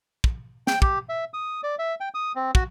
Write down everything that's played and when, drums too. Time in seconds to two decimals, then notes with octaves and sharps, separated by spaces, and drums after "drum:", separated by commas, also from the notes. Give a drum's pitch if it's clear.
0.24 drum: kick
0.67 G5, drum: snare
0.82 G4, drum: kick
1.09 E5
1.34 D#6
1.63 D5
1.79 E5
2.00 G5
2.14 D#6
2.35 C4
2.55 F#4, drum: kick